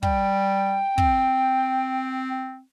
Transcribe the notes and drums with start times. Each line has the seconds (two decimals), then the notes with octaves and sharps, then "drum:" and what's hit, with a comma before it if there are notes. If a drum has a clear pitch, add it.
0.03 G3 G5, drum: kick
0.98 C4, drum: kick